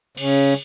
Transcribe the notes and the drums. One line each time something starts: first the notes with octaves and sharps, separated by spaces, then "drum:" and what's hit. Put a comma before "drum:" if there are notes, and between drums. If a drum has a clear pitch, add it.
C#3, drum: cymbal